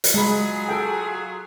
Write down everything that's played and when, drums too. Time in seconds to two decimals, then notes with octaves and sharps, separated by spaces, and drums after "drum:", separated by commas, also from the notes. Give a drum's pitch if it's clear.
0.04 drum: hi-hat
0.14 F#3 G#3 F4 G#4 B5
0.69 A4 G5